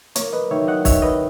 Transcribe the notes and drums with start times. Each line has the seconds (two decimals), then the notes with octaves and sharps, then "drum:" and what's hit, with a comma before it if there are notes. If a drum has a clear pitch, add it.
0.16 A#3 A#4 C#5, drum: hi-hat
0.33 B4 D#5
0.51 D#3 C#5 E5
0.68 D#5 F#5
0.85 D#3 C#5 E5, drum: kick, open hi-hat
1.02 B4 D#5